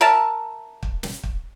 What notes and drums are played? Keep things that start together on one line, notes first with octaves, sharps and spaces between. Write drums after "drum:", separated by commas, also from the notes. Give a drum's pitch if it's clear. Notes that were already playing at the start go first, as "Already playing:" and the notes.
A#4 E5 A5
drum: kick
drum: snare
drum: kick